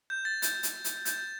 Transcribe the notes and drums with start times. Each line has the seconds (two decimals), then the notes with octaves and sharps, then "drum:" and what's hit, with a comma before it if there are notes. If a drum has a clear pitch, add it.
0.10 G6
0.25 A6
0.42 G6, drum: hi-hat
0.63 drum: hi-hat
0.84 drum: hi-hat
1.05 G6, drum: hi-hat